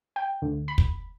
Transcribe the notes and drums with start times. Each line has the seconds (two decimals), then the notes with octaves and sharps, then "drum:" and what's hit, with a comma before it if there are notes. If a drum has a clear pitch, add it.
0.16 G5
0.42 D2
0.68 B5
0.78 drum: kick